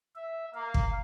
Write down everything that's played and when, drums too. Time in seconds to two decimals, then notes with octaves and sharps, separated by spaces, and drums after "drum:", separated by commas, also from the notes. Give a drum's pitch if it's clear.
0.15 E5
0.54 A#3 F5
0.74 drum: kick